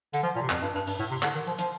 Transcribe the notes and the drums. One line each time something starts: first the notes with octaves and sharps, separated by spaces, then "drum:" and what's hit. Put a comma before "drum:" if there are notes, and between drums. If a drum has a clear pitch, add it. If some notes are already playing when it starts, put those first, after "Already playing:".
D3, drum: hi-hat
F3
A#2
C3
F2, drum: clap
G2
G2
G2, drum: open hi-hat
A2
C3
D3, drum: clap
D#3
F3
F3, drum: hi-hat